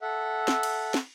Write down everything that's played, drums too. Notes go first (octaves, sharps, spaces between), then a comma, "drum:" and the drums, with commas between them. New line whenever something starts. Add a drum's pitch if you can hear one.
A4 E5 F#5
drum: snare
drum: cymbal
drum: snare